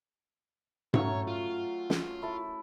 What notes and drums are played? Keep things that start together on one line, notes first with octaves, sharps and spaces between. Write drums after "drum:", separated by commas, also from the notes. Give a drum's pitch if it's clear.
F#3 A3 C#4 C#5, drum: tom G#2
F4
drum: snare
A3 E4 A5